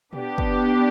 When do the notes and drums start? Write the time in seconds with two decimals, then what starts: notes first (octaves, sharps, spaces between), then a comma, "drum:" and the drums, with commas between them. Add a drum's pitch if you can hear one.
0.13 B3 D4 G4, drum: tom A#2
0.38 drum: kick